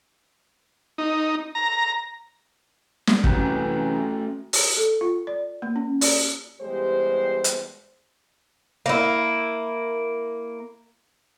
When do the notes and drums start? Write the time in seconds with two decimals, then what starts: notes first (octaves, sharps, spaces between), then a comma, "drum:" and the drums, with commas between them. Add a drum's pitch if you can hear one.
0.98 D#4
1.55 A#5
3.07 drum: snare
3.24 C2 F#2 E3 A3 C#4 F#4 G5, drum: kick
4.53 drum: open hi-hat
4.77 A4
5.01 F4
5.27 D5
5.62 A#3
5.76 C#4
6.01 D5, drum: open hi-hat
6.61 E2 G3 G#3 G4 C5
7.44 drum: hi-hat
8.86 A#3 E4